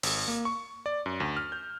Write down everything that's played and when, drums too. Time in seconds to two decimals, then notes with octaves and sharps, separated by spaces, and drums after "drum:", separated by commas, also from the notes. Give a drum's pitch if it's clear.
0.03 G#1, drum: open hi-hat
0.28 A#3
0.45 C#6
0.86 D5
1.06 F#2
1.20 D2
1.37 F6
1.52 G6